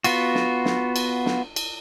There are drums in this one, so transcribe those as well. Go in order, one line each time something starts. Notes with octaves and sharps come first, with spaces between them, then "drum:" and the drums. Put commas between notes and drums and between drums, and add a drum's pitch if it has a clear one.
B3 F4 F#4, drum: cymbal
drum: snare
drum: snare
drum: cymbal
drum: snare
drum: cymbal